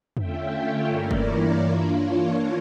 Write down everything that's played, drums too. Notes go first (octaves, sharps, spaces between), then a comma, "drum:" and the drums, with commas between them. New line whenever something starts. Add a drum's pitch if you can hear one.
D3 A3 C#4 F4 E5 G5, drum: tom
C#5 E5
G2 E3 A#3 E4 A#4 D5
drum: kick
C#5
E3 A#3 D4 F4
C#5